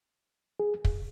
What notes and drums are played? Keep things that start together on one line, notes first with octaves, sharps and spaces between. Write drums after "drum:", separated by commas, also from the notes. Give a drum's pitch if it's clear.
G#4
drum: kick